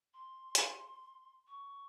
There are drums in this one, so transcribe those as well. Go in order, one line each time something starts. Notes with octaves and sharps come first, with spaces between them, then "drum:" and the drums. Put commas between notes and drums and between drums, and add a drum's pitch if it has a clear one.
C6
drum: hi-hat
C#6